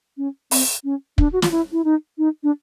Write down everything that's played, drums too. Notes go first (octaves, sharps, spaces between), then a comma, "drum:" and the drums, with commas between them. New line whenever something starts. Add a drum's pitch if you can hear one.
C#4
C4, drum: open hi-hat
C#4
D4, drum: kick
F#4
F4, drum: snare
E4
E4
D#4
D#4
D4